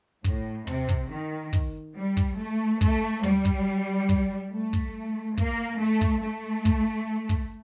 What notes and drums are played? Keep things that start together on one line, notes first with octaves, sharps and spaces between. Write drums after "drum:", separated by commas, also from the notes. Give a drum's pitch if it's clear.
A2, drum: kick
C3, drum: tom
drum: kick
D#3
drum: kick
G3
drum: kick
A3
A3, drum: kick
G3, drum: tom
drum: kick
drum: kick
A3
drum: kick
A#3, drum: kick
A3
drum: kick
A3
drum: kick
drum: kick